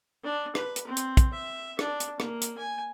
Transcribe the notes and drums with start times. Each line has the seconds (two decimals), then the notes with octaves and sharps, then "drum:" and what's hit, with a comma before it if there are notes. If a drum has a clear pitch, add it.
0.24 D4
0.55 B4, drum: rim click
0.76 drum: hi-hat
0.87 C4
0.97 drum: hi-hat
1.17 drum: kick, hi-hat
1.33 E5
1.79 D4, drum: rim click
2.00 drum: hi-hat
2.20 A#3, drum: rim click
2.41 drum: hi-hat
2.57 G#5